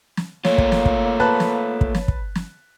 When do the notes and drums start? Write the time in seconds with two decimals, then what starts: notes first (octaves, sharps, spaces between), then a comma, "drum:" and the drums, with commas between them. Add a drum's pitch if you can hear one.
0.17 drum: snare
0.45 A3 A#3 F4 C#5, drum: snare
0.58 drum: kick
0.72 drum: snare
0.85 drum: kick
1.20 B4 A5 F#6
1.40 drum: snare
1.81 drum: kick
1.95 drum: snare
2.08 drum: kick
2.35 drum: snare